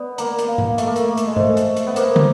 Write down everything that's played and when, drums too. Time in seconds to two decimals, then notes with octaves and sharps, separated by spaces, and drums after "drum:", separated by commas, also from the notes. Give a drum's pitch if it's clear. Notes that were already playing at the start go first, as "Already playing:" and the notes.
Already playing: B3 D5
0.18 A#3 A#5, drum: hi-hat
0.39 drum: hi-hat
0.48 F5
0.58 drum: tom G#2
0.78 A3 E5, drum: hi-hat
0.87 A#3
0.96 A3, drum: hi-hat
1.08 E5
1.17 drum: hi-hat
1.27 G#3
1.36 A3 C5, drum: tom G#2
1.57 drum: hi-hat
1.67 E5
1.76 drum: hi-hat
1.87 B3
1.96 A#3 C5, drum: hi-hat
2.16 drum: tom